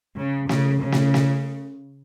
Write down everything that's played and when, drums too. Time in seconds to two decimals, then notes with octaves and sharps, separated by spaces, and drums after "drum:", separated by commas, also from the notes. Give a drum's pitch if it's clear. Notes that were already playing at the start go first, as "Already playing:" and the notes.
0.17 C#3
0.49 C#3, drum: snare
0.82 C#3
0.92 drum: snare
1.14 drum: snare